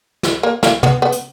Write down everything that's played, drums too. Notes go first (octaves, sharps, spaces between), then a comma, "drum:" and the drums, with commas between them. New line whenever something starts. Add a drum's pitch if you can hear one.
drum: snare
A#3
A#3, drum: snare
B3, drum: tom
B3
drum: hi-hat